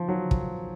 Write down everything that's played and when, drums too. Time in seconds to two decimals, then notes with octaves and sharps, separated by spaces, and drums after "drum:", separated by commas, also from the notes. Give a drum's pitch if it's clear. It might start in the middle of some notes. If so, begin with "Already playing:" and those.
Already playing: F3
0.09 F#3
0.31 drum: kick